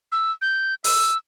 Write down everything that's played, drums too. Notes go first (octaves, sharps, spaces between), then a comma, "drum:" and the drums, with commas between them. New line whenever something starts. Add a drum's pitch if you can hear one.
E6
G6
E6, drum: open hi-hat